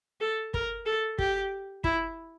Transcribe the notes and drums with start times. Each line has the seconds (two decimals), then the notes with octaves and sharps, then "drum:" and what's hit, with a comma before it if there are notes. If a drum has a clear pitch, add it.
0.20 A4
0.54 A#4, drum: kick
0.86 A4
1.19 G4, drum: kick
1.84 E4, drum: kick